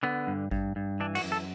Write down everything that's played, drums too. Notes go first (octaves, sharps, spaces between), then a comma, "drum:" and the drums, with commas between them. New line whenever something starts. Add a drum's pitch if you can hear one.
D3 B3
G2
G2, drum: kick G#1
G2
E3 D4
F#4, drum: cymbal
F#2
A4